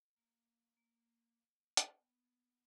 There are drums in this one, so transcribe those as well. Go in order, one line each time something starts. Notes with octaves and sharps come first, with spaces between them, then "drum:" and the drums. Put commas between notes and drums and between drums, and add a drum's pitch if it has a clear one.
A#3
A#3
drum: hi-hat
B3